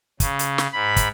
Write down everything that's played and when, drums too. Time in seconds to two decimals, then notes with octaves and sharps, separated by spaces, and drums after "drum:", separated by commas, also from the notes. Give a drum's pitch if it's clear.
0.20 C#3, drum: kick, hi-hat
0.39 drum: hi-hat
0.58 drum: snare
0.73 G#2 B5
0.96 drum: kick, hi-hat